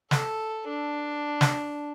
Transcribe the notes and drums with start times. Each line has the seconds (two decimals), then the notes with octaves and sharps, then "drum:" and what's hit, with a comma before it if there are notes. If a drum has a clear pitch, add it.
0.11 A4, drum: snare
0.68 D4
1.41 drum: snare